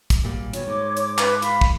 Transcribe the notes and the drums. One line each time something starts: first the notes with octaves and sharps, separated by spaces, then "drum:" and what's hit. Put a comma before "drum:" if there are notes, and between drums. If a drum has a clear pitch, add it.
drum: kick, hi-hat
G#1 A#2 G3
D#2 B2 C#5, drum: hi-hat
G#2 D6
drum: hi-hat
B4, drum: clap
F5 B5, drum: hi-hat
drum: kick